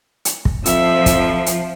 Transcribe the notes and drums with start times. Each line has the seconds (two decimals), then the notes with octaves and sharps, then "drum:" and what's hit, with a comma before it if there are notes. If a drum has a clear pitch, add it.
0.25 drum: hi-hat
0.45 drum: kick
0.66 F2 F3 E5, drum: hi-hat
1.06 drum: kick, hi-hat
1.46 drum: hi-hat